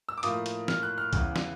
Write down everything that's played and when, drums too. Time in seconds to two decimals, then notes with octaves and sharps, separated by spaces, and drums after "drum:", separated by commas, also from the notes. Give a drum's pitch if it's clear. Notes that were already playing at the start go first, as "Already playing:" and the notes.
0.09 E6
0.18 D6
0.23 A2 F3 A#3 D#6, drum: hi-hat
0.46 drum: hi-hat
0.68 F6, drum: snare
0.83 F#6
0.98 F6
1.13 E2 C#3 E3, drum: kick B1, hi-hat
1.36 drum: snare